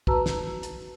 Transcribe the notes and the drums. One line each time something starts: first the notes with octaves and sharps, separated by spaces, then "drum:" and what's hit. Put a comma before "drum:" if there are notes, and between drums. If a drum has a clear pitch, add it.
F#4 B4 A5 A#5 E6, drum: kick
drum: snare
drum: hi-hat